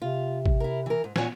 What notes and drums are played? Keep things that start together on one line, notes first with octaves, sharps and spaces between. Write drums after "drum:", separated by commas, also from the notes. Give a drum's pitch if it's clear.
C3 F4
drum: kick G#1
E4 A#4
E3 A#4
G#2
A#2 C#5 F#5 G#5, drum: snare